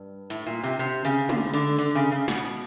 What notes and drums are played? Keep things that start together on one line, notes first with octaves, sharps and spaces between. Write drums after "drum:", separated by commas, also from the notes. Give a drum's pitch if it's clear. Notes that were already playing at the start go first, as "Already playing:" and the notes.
Already playing: G2
A2, drum: hi-hat
A#2
C3
C3
C#3, drum: hi-hat
D3, drum: tom
D3, drum: hi-hat
D3, drum: hi-hat
C#3
C#3
B2, drum: snare